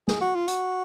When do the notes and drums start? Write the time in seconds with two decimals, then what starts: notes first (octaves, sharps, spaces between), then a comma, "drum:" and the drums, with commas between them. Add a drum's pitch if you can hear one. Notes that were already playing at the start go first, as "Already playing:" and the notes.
0.08 G#4, drum: snare
0.21 F#4
0.35 F4
0.48 F#4, drum: hi-hat